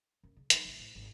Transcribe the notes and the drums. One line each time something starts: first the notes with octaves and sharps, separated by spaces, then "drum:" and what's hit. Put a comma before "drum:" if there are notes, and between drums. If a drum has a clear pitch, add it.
F#2
C#3
E3 D#4, drum: hi-hat
A1 C#3
A2
G#1 G#2